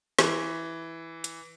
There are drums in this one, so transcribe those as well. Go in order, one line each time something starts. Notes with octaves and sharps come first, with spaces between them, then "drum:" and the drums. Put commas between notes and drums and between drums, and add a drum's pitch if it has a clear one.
E3, drum: snare
drum: hi-hat